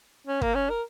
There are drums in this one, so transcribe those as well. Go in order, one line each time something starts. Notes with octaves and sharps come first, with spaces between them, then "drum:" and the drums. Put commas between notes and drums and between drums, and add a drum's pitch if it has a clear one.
C#4
A#3, drum: kick
C#4
A#4